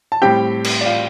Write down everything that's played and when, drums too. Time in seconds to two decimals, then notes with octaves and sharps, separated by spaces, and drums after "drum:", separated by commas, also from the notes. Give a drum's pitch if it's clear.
0.12 A5
0.22 A2 G3 C4 G4 G5
0.65 drum: cymbal
0.81 D5
0.86 F4 F5